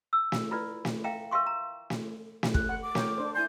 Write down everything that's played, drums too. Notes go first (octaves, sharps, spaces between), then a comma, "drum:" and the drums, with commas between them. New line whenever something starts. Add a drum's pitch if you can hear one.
E6
drum: snare
E4 F4 B4 D5
drum: snare
E5 F5 G5 A#5
A#4 E5 F5 C6 C#6
A#5
drum: snare
drum: snare
G4 F#6, drum: kick
F#5
D6
A#4 C#5 G5, drum: snare
D4 C5
E4 G#5 C6 G6